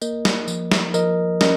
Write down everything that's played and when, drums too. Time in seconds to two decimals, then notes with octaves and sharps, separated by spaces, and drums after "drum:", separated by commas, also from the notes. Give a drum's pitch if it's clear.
0.02 A#3 A#4 D#5, drum: tambourine
0.25 drum: snare
0.48 F3, drum: tambourine
0.71 drum: snare
0.94 F3 A#4 D#5, drum: tambourine
1.41 C#4 A#4 D#5, drum: snare